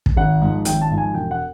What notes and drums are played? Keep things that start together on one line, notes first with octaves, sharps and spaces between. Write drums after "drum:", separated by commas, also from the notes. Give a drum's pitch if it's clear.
drum: kick
G#1 F#5
G#2 F3
G#1 G5, drum: hi-hat
A5
G#2 F3
G#5
E1 G5
F#5